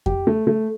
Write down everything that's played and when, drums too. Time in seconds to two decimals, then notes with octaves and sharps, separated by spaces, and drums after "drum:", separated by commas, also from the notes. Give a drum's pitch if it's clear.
0.06 G4, drum: kick F2
0.27 A3
0.47 A3